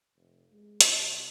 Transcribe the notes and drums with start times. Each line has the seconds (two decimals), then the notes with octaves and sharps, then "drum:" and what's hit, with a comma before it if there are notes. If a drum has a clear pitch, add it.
0.16 F1
0.52 G#3
0.81 drum: hi-hat
0.99 C2